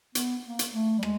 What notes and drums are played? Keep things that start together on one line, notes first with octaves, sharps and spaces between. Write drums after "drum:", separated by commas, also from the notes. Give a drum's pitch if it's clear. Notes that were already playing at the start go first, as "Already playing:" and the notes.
B3, drum: hi-hat
A#3
drum: hi-hat
A3
G3
G#3, drum: rim click